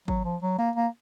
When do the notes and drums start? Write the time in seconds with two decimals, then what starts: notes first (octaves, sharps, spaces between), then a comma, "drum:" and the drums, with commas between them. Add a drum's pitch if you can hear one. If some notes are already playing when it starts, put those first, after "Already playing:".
0.08 F#3, drum: kick G#1
0.25 F3
0.42 F#3
0.59 A#3
0.76 A#3